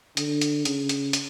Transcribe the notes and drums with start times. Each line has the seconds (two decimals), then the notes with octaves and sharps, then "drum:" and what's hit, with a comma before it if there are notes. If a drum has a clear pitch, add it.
0.17 D3, drum: hi-hat
0.41 drum: hi-hat
0.65 C#3, drum: hi-hat
0.89 drum: hi-hat
1.13 drum: hi-hat